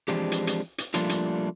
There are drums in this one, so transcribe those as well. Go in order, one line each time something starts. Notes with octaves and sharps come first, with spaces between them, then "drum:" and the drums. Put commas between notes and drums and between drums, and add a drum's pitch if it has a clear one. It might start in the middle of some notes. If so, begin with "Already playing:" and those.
E3 F3 G#3 C4 D4 G4
drum: hi-hat
drum: hi-hat
drum: hi-hat
F3 G3 A3 A#3 D4 F4, drum: hi-hat
drum: hi-hat